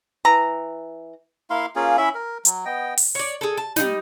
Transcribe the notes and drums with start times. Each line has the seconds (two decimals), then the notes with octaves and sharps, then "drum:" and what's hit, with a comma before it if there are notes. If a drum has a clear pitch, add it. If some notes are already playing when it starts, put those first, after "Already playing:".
0.25 E3 A#5
1.50 A#3 E4 F5 C6
1.76 A#3 C#4 F4 G#4
1.97 C#4 E4 E5 B5
2.14 A#4
2.45 F#3, drum: hi-hat
2.65 B3 D#5 G5
2.97 drum: open hi-hat
3.15 C#5 D5
3.41 G#4 A4
3.57 A5
3.76 G3 G#3 D#4, drum: snare